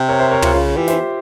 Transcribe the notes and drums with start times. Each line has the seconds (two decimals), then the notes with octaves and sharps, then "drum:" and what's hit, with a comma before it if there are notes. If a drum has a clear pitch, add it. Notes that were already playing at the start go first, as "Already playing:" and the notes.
Already playing: C3
0.09 A#4 C#5
0.19 C5 E5
0.31 A#4 C#5
0.42 C3 F4, drum: tom
0.53 C#3 F4
0.77 E3 G4
0.88 C5 E5, drum: snare